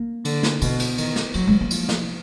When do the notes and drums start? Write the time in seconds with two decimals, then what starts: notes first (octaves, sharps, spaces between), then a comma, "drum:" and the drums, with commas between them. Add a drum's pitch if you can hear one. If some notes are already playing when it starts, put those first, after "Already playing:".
Already playing: A#3
0.25 D3, drum: cymbal
0.43 drum: snare
0.61 B2 B3, drum: cymbal
0.80 drum: cymbal
0.98 D#3, drum: cymbal
1.16 drum: snare
1.34 F#3 A#3, drum: cymbal
1.47 G#3
1.61 A#3
1.70 F3, drum: cymbal
1.89 drum: snare